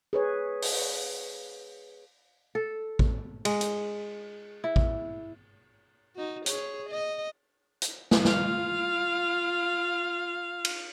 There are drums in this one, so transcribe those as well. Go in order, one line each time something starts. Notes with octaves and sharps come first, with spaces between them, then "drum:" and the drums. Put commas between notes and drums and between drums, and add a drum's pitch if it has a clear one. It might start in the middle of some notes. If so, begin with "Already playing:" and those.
G#4 B4 C#5
drum: open hi-hat
A4
drum: kick A1
G#3, drum: cymbal
drum: hi-hat
E4
drum: kick A1
D#4 F#4
G#4 C#5, drum: hi-hat
D#5
drum: hi-hat
drum: snare
F4 F5, drum: snare
drum: cymbal